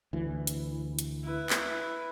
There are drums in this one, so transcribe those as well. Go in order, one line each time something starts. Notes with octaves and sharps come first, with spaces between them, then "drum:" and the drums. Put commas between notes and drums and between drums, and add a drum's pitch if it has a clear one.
D2 E3
drum: hi-hat
drum: hi-hat
E4 B4
drum: clap